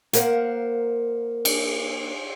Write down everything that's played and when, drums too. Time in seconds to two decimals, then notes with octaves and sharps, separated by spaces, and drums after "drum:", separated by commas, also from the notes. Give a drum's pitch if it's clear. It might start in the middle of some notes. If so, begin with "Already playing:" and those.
0.13 A#3 A#4 C5 C#5 F5 F#5, drum: hi-hat
1.45 drum: cymbal